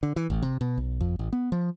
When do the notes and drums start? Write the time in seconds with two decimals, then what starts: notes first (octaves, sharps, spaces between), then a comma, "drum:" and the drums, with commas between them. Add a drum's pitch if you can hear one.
0.03 D3
0.16 E3
0.30 A1, drum: kick G1
0.42 C3
0.61 B2
0.78 B1
1.01 F2, drum: kick G1
1.19 A1
1.33 B3
1.52 F3